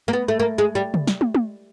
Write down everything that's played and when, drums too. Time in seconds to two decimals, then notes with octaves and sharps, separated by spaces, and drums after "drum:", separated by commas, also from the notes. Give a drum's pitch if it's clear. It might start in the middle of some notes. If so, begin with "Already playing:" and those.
0.08 A#3
0.13 B3
0.28 A3
0.40 A#3
0.58 G#3
0.75 G3
0.94 drum: tom
1.07 drum: snare
1.21 drum: tom
1.35 drum: tom